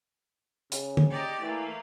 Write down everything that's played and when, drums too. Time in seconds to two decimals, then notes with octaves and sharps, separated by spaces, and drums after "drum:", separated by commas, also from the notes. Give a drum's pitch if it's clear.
0.72 C#3, drum: hi-hat
0.97 drum: tom
1.09 D#4 G4 D5
1.42 E3 A3 A#3